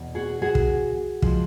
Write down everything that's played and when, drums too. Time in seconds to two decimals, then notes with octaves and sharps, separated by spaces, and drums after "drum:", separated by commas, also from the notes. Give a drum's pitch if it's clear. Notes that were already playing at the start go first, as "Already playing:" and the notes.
Already playing: E2 B2
0.15 F#4 G#4
0.42 F#4 G#4
0.55 drum: kick
1.22 F3 G#3, drum: kick